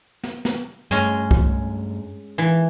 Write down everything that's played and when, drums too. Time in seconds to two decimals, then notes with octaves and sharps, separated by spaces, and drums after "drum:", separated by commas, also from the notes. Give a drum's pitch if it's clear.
0.23 drum: snare
0.45 drum: snare
0.91 G2 G#3 A3 C#4
1.31 drum: kick C2
2.38 E3